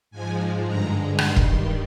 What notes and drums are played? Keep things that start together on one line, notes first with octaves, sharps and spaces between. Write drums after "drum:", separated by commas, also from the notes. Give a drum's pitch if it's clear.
G#2 F3 G#3 G#5
G2 D3 G#3 A#5
G2 D#3 G3 C6, drum: rim click
drum: kick E1